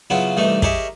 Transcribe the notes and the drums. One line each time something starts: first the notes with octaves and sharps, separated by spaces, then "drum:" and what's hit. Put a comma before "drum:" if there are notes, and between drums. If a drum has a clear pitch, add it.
C#3 F#3 B3 E4 F4
C2 E3 G3 A3 D#4
G4 G#4 A#4 C#5 D#5 E5, drum: kick